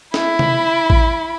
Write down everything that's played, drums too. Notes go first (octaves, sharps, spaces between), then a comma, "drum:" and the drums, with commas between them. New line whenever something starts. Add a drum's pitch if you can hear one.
E4 B5, drum: snare
drum: tom C3
drum: kick A1